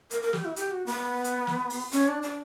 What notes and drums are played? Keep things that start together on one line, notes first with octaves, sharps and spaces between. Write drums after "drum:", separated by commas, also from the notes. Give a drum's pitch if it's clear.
A#4, drum: hi-hat
A#4
G4, drum: snare
E4
G4, drum: hi-hat
F#4
B3
drum: hi-hat
drum: snare
drum: open hi-hat
C#4, drum: hi-hat
D4
D4